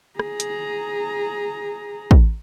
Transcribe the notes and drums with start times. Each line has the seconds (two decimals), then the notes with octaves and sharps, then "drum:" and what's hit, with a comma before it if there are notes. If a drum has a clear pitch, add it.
0.19 G#4 A#5, drum: rim click
0.40 drum: hi-hat
2.11 drum: kick